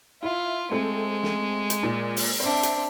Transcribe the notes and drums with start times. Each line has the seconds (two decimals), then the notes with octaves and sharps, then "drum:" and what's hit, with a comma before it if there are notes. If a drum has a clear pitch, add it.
0.23 E4 F4
0.71 G#3 A3 C4 A4
1.23 drum: snare
1.70 drum: hi-hat
1.83 A#2
2.17 drum: open hi-hat
2.40 C4 D4 C5 E5
2.63 drum: hi-hat